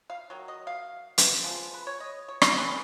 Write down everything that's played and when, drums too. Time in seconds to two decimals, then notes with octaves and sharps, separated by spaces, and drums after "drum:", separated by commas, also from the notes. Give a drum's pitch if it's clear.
0.10 F5
0.30 D#3 F#3
0.48 D#5
0.67 F5
1.18 drum: hi-hat
1.43 F3 G#3 B3
1.74 B4
1.87 C#5
2.00 D#5
2.28 C#5
2.42 drum: rim click
2.57 D#3 G#3 B3 B4